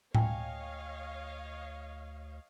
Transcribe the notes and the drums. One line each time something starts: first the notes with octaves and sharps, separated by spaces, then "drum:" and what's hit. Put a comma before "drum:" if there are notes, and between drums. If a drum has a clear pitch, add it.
D2 C#5 D#5 F5 G5 G#5, drum: tom A2